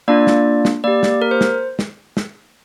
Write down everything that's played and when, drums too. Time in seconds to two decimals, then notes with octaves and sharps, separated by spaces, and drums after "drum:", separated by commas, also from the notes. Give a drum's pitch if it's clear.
0.08 A#3 D4 F4 D5
0.27 drum: snare
0.65 drum: snare
0.84 A#3 G4 D5
1.03 drum: snare
1.22 A#4
1.31 C5
1.41 drum: snare
1.79 drum: snare
2.17 drum: snare